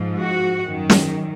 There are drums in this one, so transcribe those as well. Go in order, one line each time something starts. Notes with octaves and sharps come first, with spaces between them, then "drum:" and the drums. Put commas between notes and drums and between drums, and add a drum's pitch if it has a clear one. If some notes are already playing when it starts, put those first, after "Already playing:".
Already playing: G#2 F3
F#4
F#2 D#3
drum: snare